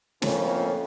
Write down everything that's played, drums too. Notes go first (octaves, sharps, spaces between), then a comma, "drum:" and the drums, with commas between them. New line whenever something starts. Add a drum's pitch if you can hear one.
F2 A2 A#3 C#4, drum: snare